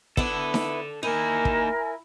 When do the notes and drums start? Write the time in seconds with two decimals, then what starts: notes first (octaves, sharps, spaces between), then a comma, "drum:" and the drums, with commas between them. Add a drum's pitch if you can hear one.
0.17 B3 E4 A4 D5, drum: kick
0.54 drum: snare D#4
1.03 A#3 D#4 E4 A#4 G#5
1.45 drum: kick